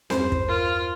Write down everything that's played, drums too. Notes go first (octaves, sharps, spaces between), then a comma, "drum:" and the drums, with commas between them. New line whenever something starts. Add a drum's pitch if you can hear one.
E2 G2 C5, drum: snare C4
drum: kick
F4 A#4